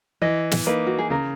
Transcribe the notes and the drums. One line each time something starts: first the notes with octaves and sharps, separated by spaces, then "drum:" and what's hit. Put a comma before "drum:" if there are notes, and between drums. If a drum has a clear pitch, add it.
E3 D#5
drum: snare
A#3 D#4 B4
F#4
G#4
C#3 A#4